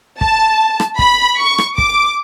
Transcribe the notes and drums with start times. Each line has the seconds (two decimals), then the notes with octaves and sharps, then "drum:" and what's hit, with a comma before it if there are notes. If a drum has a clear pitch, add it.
0.21 A5, drum: kick
0.80 drum: rim click
0.99 B5, drum: kick
1.39 C#6
1.58 drum: rim click
1.78 D6, drum: kick